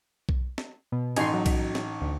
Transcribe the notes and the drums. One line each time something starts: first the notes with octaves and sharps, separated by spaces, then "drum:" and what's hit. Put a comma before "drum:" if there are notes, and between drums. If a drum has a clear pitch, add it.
drum: kick B1
drum: snare
B2
A1 D#4 G#5 C6, drum: cymbal
F#3
drum: kick B1, cymbal
drum: snare
D2